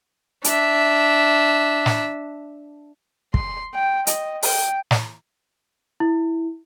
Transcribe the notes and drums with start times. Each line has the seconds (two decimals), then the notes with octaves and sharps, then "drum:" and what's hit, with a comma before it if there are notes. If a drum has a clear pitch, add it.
0.44 D4 E5, drum: hi-hat
1.86 drum: snare
3.34 C6, drum: kick
3.74 G5
4.07 D#5, drum: hi-hat
4.43 G5, drum: open hi-hat
4.91 drum: snare
6.00 E4